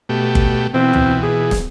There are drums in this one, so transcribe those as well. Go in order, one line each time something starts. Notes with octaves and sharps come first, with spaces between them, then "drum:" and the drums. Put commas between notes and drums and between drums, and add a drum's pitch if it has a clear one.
B2 A3 G4
drum: kick G1
B2 E3 C4
drum: tom
G#4
drum: snare